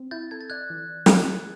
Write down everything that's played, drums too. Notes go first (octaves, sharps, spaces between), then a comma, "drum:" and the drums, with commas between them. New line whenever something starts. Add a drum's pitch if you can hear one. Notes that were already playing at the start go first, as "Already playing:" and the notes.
Already playing: C4
E4 G6 A6
A4 G#6
A6
D5 F#6 G#6
E3
drum: snare